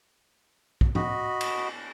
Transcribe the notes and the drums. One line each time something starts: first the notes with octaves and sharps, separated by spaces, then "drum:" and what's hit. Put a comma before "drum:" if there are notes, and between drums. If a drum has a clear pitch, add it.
drum: kick
F#4 D#5 B5, drum: tom
drum: cymbal